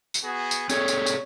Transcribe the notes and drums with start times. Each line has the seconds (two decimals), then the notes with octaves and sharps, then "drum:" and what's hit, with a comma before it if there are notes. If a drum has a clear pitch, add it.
0.14 drum: tambourine
0.24 B3 F#4 G#4
0.51 drum: tambourine
0.70 C4 G#4 A4 C#5, drum: tambourine
0.88 drum: tambourine
1.06 drum: tambourine